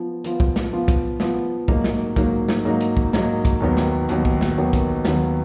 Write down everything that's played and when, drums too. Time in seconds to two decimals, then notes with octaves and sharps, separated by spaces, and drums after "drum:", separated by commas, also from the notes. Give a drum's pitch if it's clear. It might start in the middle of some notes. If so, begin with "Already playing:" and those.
Already playing: F3 B3 F4
0.24 F3 B3 F4, drum: hi-hat
0.40 drum: kick
0.56 drum: snare
0.72 F3 B3 F4
0.88 drum: kick, hi-hat
1.20 F3 B3 F4, drum: snare
1.68 G#2 F#3 A#3 D#4, drum: kick
1.84 drum: snare
2.16 G#2 F#3 A#3 D#4, drum: kick, hi-hat
2.49 drum: snare
2.65 G#2 F#3 A#3 D#4
2.81 drum: hi-hat
2.97 drum: kick
3.13 G#2 F#3 A#3 D#4, drum: snare
3.45 drum: kick, hi-hat
3.60 D#2 D#3 F#3 B3
3.77 drum: snare
4.09 D#2 D#3 F#3 B3, drum: hi-hat
4.25 drum: kick
4.41 drum: snare
4.57 D#2 D#3 F#3 B3
4.73 drum: kick, hi-hat
5.05 D#2 D#3 F#3 B3, drum: snare